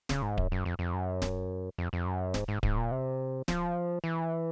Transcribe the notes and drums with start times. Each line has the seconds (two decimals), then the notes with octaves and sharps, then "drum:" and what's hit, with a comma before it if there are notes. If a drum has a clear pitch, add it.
0.09 C#3, drum: snare D1
0.22 G#2
0.38 F#2, drum: kick D1
0.52 F#2
0.65 F2
0.79 F2
0.94 F#2
1.22 drum: snare D1
1.78 F2
1.93 F2
2.06 F#2
2.34 G#2, drum: snare D1
2.48 G#2
2.63 G#2, drum: kick D1
2.77 A#2
2.92 C3
3.48 F3, drum: snare D1
4.04 E3